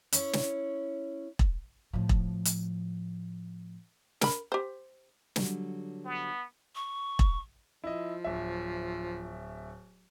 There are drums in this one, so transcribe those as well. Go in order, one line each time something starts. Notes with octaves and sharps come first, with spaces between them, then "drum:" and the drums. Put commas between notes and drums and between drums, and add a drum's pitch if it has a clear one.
C#4 E4 C#5, drum: hi-hat
drum: snare
drum: kick E1
A2 F3
drum: kick E1
drum: hi-hat
A#4 B5, drum: snare
G4 C5
D3 F#3 G3, drum: snare
B3
C#6
drum: kick E1
F3 E4 D#5
D1 E5